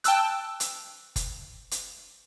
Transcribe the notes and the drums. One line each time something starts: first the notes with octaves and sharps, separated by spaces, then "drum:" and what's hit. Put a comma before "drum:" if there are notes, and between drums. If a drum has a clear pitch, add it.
G5 A5 E6 F#6, drum: hi-hat
drum: hi-hat
drum: kick F#1, hi-hat
drum: hi-hat